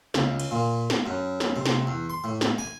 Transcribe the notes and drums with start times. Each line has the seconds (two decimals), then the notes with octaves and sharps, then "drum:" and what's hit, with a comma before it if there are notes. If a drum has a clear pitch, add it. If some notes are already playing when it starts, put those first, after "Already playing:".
0.14 C#2, drum: snare
0.40 drum: cymbal
0.51 A#2
0.90 drum: snare
1.06 F#2
1.40 drum: snare
1.56 C3
1.66 drum: snare
1.87 E2
2.10 C6
2.24 A2
2.41 drum: snare
2.58 G#5